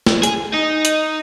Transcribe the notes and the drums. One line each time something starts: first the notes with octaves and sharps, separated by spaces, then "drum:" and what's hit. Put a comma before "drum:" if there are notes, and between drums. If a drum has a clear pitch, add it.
drum: snare
G#4, drum: hi-hat
D#4
drum: hi-hat